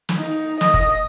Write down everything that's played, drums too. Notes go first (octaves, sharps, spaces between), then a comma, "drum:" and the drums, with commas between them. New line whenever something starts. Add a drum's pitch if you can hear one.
drum: snare
D#4
D#5, drum: snare
drum: kick